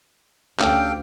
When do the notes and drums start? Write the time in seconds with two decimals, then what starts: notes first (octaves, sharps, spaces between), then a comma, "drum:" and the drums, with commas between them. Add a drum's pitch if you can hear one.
0.60 D2 A3 C#4 D4 G4 A4 F5 G5, drum: clap